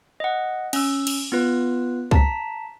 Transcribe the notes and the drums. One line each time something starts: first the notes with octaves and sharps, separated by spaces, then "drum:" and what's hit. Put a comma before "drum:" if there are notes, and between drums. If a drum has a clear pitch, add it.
D#5 F#5
C#4 E6, drum: cymbal
drum: cymbal
B3 F4 B4
A5 A#5 B6, drum: kick C2